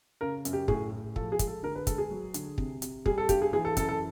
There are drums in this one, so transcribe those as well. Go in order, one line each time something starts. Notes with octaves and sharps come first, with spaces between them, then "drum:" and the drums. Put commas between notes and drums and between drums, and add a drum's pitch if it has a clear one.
C#3 A#4
F#2, drum: hi-hat
G4
A2 G#4, drum: kick
A2
F3 A4, drum: kick
G#4
G#3, drum: kick, hi-hat
A4
D3 A#4
B4
G#3 A4, drum: kick, hi-hat
G#4
F#3
D3, drum: hi-hat
C3, drum: kick
C3, drum: hi-hat
G3 G#4, drum: kick
A4
G2 G4, drum: kick, hi-hat
G#4
E3 G#4
A4
F#2 A4, drum: kick, hi-hat
A4